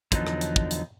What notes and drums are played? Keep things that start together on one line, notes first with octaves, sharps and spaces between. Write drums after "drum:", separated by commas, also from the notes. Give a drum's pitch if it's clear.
E2 D3 F3 F#3 B3 D#4, drum: kick, hi-hat
drum: rim click
drum: hi-hat
drum: kick
drum: hi-hat